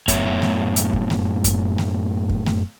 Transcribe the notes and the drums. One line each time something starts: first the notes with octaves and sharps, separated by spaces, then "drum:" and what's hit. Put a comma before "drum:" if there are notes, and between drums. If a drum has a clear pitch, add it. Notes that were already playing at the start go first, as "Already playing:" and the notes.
F#2 A2 B3 C#5 E5, drum: kick F#2, hi-hat
drum: snare A3
drum: hi-hat
drum: kick F#2
drum: snare A3
drum: kick F#2, hi-hat
drum: snare A3
drum: kick F#2
drum: snare A3